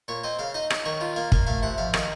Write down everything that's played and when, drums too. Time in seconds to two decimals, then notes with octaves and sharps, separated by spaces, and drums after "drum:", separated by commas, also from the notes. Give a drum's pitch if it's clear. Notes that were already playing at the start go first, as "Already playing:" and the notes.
0.08 A#2 C#5
0.24 C4 D#5
0.39 C#3 F5
0.54 D#4 D#5
0.70 D#4, drum: rim click
0.86 D#3 C#5
1.01 F4
1.16 A#3 F5
1.32 A#3 F5, drum: kick
1.47 A3 F5
1.63 C3 F#5
1.78 F2 F5
1.94 D#3 F5, drum: rim click